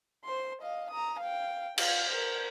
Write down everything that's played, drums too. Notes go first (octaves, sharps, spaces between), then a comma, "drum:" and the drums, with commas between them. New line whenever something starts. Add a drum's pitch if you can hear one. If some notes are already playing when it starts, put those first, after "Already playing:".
C5 C6
D#5 F5
A#5 D#6
F5 G5
F4 F5, drum: cymbal
A#4 C5